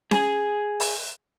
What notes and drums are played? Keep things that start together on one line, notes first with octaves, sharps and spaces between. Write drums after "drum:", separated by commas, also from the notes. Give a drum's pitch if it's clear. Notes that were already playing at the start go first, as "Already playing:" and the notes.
G#4 G#5, drum: snare C#4
drum: open hi-hat